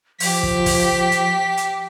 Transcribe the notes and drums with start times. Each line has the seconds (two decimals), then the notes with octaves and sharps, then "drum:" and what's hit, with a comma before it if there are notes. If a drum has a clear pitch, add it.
0.20 F3 G4 B6, drum: open hi-hat
0.43 drum: kick
0.66 drum: kick, open hi-hat
1.12 drum: hi-hat
1.57 drum: hi-hat